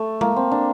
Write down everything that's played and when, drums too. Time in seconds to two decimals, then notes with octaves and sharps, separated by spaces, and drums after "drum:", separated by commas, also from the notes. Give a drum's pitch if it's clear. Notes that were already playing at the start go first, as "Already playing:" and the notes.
Already playing: A3
0.21 A#3, drum: tom G#3
0.36 C4
0.51 D4